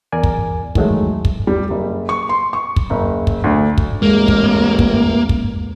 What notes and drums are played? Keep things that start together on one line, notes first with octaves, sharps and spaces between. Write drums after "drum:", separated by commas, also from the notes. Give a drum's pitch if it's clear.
E2 A#4 D5 G#5
drum: kick
D#3 E3 F#3 G#3 A3, drum: kick
drum: kick
G3
F#1
C#6
C6
C#6
drum: kick
F#1
drum: kick
D2
drum: kick
A1 G#3 A#3
drum: kick
drum: kick
drum: kick